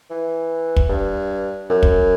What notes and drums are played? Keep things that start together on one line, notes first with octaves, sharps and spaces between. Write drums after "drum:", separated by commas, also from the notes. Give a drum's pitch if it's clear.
E3
drum: kick
G2
F#2
drum: kick